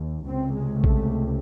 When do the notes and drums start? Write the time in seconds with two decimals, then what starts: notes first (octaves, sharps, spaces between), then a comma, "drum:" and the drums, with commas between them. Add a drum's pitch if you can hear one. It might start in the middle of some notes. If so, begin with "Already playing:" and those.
Already playing: D#2
0.26 C#2 C3 C4
0.55 G#3
0.84 A3, drum: kick A#1